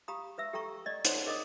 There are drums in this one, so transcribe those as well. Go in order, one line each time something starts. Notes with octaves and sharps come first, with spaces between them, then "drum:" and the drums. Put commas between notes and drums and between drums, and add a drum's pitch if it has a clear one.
G4 F5 A#5 B5 D#6
B4 E5 E6
G4 A4 G5 A#5 C#6
D5 D#5
D#4 C5 C#5 F#5 C6, drum: hi-hat
G#4 A#4 D#5 D6 D#6